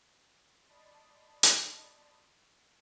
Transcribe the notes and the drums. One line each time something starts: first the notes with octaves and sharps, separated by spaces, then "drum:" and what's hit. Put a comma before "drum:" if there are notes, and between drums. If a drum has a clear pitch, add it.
D5 D#5 A5 B5 C6
drum: hi-hat